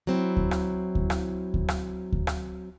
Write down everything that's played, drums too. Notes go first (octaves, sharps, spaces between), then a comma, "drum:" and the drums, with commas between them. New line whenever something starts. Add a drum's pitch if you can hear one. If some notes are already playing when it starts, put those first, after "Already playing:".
F#3 C4 E4
drum: kick D2
drum: rim click
drum: kick D2
drum: rim click
drum: kick D2
drum: rim click
drum: kick D2
drum: rim click